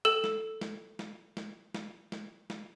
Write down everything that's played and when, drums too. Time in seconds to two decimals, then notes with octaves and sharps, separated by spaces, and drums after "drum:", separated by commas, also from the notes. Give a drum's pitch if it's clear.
0.05 A4 E6 E7
0.24 drum: snare
0.61 drum: snare
0.99 drum: snare
1.37 drum: snare
1.74 drum: snare
2.12 drum: snare
2.50 drum: snare